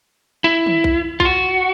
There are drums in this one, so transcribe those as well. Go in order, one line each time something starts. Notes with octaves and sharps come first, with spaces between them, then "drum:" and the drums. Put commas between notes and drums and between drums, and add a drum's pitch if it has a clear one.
E4
drum: tom
drum: kick B1
F4, drum: kick B1
F#4